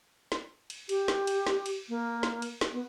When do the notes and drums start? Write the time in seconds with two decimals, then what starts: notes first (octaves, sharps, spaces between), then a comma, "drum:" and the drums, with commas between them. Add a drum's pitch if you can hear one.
0.32 drum: snare
0.70 drum: cymbal
0.89 G4, drum: cymbal
1.08 drum: snare
1.27 drum: cymbal
1.47 drum: snare
1.66 drum: cymbal
1.89 A#3
2.23 drum: snare
2.42 drum: cymbal
2.61 drum: snare
2.73 B3